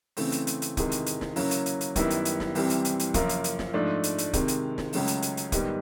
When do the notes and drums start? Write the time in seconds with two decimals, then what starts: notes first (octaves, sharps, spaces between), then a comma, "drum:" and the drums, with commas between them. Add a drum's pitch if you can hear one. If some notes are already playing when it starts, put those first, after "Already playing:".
0.17 C#3 E3 A3 C4, drum: open hi-hat
0.32 drum: hi-hat
0.47 drum: hi-hat
0.62 drum: hi-hat
0.77 E2 C3 D#3 G#3, drum: kick, hi-hat
0.92 drum: hi-hat
1.06 drum: hi-hat
1.21 drum: snare
1.36 C#3 F#3 A#3 C#4 E4, drum: open hi-hat
1.51 drum: hi-hat
1.66 drum: hi-hat
1.81 drum: hi-hat
1.96 F#2 D#3 G3 B3 E4, drum: kick, hi-hat
2.10 drum: hi-hat
2.25 drum: hi-hat
2.40 drum: snare
2.55 C2 C3 E3 G3 C4, drum: open hi-hat
2.70 drum: hi-hat
2.85 drum: hi-hat
3.00 drum: hi-hat
3.14 F#2 C#3 F3 A#3 C#4, drum: kick, hi-hat
3.29 drum: hi-hat
3.44 drum: hi-hat
3.59 drum: snare
3.74 G#2 F3 A3 D4
4.04 drum: hi-hat
4.18 drum: hi-hat
4.33 C3 D#3 G#3, drum: kick, hi-hat
4.48 drum: hi-hat
4.78 drum: snare
4.93 C#2 C#3 F#3 A3, drum: open hi-hat
5.08 drum: hi-hat
5.22 drum: hi-hat
5.37 drum: hi-hat
5.52 G#2 D#3 G3 B3, drum: kick, hi-hat